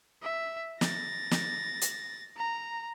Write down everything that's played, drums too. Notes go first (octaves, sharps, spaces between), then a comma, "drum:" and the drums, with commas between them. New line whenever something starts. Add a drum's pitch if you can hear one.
E5
A6 A#6, drum: snare
drum: snare
drum: hi-hat
A#5